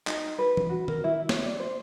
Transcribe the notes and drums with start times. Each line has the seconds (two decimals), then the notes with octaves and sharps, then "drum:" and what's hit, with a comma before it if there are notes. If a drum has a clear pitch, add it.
0.07 D#4, drum: clap
0.39 B4
0.57 drum: tom E3
0.69 F#4
0.88 A#4, drum: tom D#3
1.04 E4
1.29 C#5, drum: snare
1.46 D5
1.60 C5